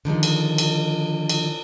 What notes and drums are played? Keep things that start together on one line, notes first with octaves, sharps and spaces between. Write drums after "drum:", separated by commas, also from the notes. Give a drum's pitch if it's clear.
D3 D#3 F3 G#3
drum: cymbal
drum: cymbal
drum: cymbal